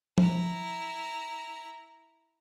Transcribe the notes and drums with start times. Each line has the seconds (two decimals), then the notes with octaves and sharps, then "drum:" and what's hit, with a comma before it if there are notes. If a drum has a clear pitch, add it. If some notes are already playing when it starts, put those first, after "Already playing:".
0.18 E4 A#5, drum: tom F3